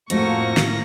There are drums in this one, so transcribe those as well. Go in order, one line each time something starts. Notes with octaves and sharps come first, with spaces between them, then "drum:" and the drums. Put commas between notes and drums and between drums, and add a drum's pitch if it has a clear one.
F2 A2 F3 A3 A#3 F#4 C#6 A#6, drum: hi-hat
drum: snare